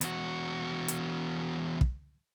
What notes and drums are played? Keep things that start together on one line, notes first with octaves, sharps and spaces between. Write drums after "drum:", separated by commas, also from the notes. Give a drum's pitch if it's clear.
E2 F#4, drum: hi-hat
drum: hi-hat
drum: kick